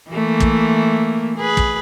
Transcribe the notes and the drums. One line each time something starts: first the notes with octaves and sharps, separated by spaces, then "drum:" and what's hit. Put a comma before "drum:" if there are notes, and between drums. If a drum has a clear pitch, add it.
E3 A3 A#3
drum: kick
G#4 B4
drum: kick